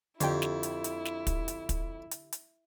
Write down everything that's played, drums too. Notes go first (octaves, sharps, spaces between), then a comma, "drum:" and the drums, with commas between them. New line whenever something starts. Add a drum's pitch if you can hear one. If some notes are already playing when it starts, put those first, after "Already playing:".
F2 D3 E4 G4, drum: hi-hat
drum: snare
drum: hi-hat
drum: hi-hat
drum: snare
drum: kick, hi-hat
drum: hi-hat
drum: kick, hi-hat
drum: hi-hat
drum: hi-hat